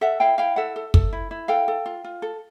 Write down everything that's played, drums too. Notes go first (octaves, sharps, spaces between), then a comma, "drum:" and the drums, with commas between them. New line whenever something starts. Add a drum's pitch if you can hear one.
A4 E5 F#5
E4 F5 G5
E4 F5 G5
A4 E5 F#5
A4
A4, drum: kick
E4
E4
A4 F5 G5
A4
F4
F4
A4